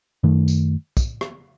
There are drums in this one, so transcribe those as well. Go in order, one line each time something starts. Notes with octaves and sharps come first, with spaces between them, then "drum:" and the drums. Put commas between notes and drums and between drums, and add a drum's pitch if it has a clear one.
F#2 D#3 A3
drum: tambourine
drum: kick, tambourine
drum: rim click